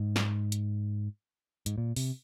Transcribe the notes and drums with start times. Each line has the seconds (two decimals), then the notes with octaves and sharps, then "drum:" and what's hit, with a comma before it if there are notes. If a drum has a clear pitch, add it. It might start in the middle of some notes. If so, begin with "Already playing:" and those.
Already playing: G#2
0.16 drum: snare
0.52 drum: hi-hat
1.66 G#2, drum: hi-hat
1.78 A#2
1.96 C3, drum: open hi-hat